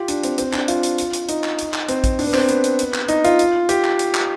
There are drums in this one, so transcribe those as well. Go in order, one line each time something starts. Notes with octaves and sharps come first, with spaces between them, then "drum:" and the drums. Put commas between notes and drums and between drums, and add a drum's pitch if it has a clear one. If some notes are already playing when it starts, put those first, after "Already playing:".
Already playing: F4 G4
D4, drum: hi-hat
C4, drum: hi-hat
C4, drum: hi-hat
D4, drum: clap
F4, drum: hi-hat
drum: hi-hat
drum: hi-hat
drum: hi-hat
D#4, drum: hi-hat
drum: clap
drum: hi-hat
drum: clap
C4, drum: hi-hat
drum: kick, hi-hat
D4, drum: open hi-hat
B3
C4, drum: clap
B3, drum: hi-hat
drum: hi-hat
drum: hi-hat
drum: clap
D#4, drum: hi-hat
F4, drum: hi-hat
drum: hi-hat
G4, drum: hi-hat
drum: clap
drum: hi-hat
drum: clap